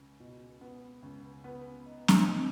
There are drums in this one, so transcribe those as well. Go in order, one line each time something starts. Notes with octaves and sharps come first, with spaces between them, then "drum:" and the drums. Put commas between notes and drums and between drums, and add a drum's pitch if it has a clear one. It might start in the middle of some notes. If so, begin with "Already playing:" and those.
Already playing: C#2
B2
B3
C#2
B3
D#4
drum: snare
D#4